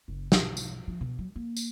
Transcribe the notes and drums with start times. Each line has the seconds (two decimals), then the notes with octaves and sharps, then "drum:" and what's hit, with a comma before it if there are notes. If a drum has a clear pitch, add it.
0.08 F#1
0.32 B1, drum: snare
0.57 drum: tambourine
0.88 F3
1.01 B2
1.19 F#3
1.36 A#3
1.57 drum: tambourine